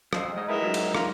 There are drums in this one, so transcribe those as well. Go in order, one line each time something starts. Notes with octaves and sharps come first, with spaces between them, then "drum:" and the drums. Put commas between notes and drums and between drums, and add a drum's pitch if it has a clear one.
F3 C5 D#5, drum: rim click
G#2 D#5
G#3 E4 A#4 B4 D#5 E5
G#2 F3 F#3
drum: cymbal
F4 A#4, drum: rim click